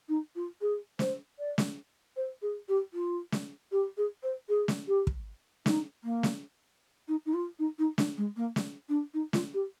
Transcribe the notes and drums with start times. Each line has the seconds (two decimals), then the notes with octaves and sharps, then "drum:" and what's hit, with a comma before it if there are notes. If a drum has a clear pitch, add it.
0.09 D#4
0.35 F4
0.61 G#4
0.99 C5, drum: snare
1.38 D5
1.58 drum: snare
2.16 C5
2.42 G#4
2.68 G4
2.94 F4
3.32 drum: snare
3.71 G4
3.97 G#4
4.23 C5
4.49 G#4
4.68 drum: snare
4.87 G4
5.07 drum: kick
5.66 D#4, drum: snare
6.04 A#3
6.23 drum: snare
7.08 D#4
7.26 D#4
7.33 F4
7.59 D#4
7.78 D#4
7.98 D4, drum: snare
8.17 G#3
8.36 A#3
8.56 drum: snare
8.89 D4
9.14 D#4
9.33 F4, drum: snare
9.54 G4